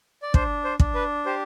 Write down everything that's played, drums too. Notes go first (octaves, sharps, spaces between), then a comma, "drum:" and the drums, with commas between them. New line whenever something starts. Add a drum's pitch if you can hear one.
D5
D4 C5, drum: kick
C5
D4, drum: kick
B4
G4 C5